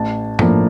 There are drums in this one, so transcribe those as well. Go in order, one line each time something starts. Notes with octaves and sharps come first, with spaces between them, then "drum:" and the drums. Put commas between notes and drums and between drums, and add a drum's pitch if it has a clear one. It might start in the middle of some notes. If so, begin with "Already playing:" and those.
Already playing: A1 A5
A2 F3 A#3 D4, drum: tom